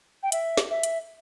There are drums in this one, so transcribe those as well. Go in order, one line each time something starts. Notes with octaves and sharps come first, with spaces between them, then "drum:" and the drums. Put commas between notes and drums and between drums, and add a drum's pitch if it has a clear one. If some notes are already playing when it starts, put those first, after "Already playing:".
G5
E5, drum: hi-hat
drum: snare
E5
drum: hi-hat